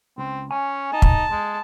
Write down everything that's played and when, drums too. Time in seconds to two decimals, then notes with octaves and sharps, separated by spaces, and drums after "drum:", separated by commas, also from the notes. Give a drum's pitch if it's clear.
0.18 C#2 C4
0.51 C#4 G#5
0.93 D#4 A5
1.02 drum: kick
1.31 G#3